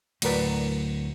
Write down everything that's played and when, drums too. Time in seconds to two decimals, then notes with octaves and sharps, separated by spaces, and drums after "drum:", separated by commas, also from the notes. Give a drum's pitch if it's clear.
0.22 D2 A2 F#3 A#4 B4 D5, drum: cymbal